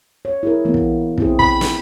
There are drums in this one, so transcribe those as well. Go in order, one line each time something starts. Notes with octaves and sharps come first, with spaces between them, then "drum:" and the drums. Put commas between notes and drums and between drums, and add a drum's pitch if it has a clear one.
C#5
E4 G#4 A#4
E3 A#3 B3
drum: kick
C4 E4 G#4, drum: kick
B5, drum: kick
drum: snare